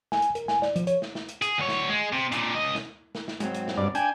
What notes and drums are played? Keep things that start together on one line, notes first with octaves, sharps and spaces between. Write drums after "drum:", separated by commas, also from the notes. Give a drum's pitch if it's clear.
G#5, drum: snare
drum: hi-hat
A#4, drum: hi-hat
G#5, drum: snare
D5, drum: snare
F3, drum: hi-hat
C#5, drum: hi-hat
drum: snare
drum: snare
drum: hi-hat
G#4, drum: hi-hat
D2 C#5
drum: snare
G#3
C3
A#2 D3, drum: hi-hat
C#2 D#5
drum: snare
drum: snare
drum: snare
G#2 F#3 C4, drum: hi-hat
drum: hi-hat
drum: snare
G2 D5
D4 G5 G#5, drum: hi-hat